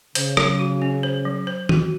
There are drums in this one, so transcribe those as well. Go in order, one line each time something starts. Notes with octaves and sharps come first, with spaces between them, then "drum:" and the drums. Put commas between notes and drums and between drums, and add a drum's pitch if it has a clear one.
C#3 C5, drum: hi-hat
F#3, drum: rim click
F#4
C#4
C5
F#3
C5
F#4, drum: tom D#3